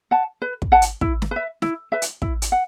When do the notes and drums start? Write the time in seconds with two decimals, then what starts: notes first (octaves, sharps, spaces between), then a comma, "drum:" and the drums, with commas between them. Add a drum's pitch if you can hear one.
0.11 F#5 A5
0.42 B4
0.62 drum: kick
0.72 F#5 A5
0.82 drum: hi-hat
1.01 E4, drum: kick
1.22 drum: snare
1.31 B4 E5
1.62 E4, drum: snare
1.92 B4 E5
2.02 drum: hi-hat
2.22 E4, drum: kick
2.42 drum: hi-hat
2.52 F#5